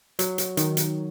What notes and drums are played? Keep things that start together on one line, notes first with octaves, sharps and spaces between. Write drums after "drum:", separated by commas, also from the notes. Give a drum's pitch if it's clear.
F#3, drum: hi-hat
drum: hi-hat
D#3, drum: hi-hat
drum: hi-hat